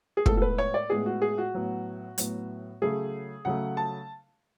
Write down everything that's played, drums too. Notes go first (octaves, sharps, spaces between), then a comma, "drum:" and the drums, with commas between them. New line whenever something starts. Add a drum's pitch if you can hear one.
G#4
A2 G#3 B3 A4, drum: kick
A4
B4
C#5
D5
A2 G#3 B3 G#4
F#4
G#4
F#4
A2 F#3 B3
A2 F#3 B3, drum: hi-hat
C#3 F#3 A3 G#4
C#3 F#3 A3 F#5
A5